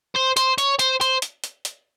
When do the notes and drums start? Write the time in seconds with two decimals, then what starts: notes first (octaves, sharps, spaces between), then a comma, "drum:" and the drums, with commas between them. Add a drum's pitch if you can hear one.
0.15 C5
0.37 C5, drum: hi-hat
0.58 C#5, drum: hi-hat
0.79 C5, drum: hi-hat
1.01 C5, drum: hi-hat
1.22 drum: hi-hat
1.44 drum: hi-hat
1.65 drum: hi-hat